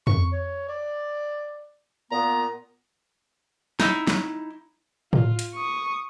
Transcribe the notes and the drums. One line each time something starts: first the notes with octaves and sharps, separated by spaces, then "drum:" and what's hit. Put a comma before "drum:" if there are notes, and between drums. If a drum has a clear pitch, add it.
C#6, drum: tom F2
C#5
D5
A#2 B3 A#5
D#4 E4, drum: snare
drum: snare
F4, drum: tom A2
drum: hi-hat
C#6 D#6